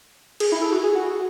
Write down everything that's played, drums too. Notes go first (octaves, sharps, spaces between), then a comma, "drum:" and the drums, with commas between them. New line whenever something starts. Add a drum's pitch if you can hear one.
G#4, drum: cymbal
E4
A4
F#4
G#4
F#4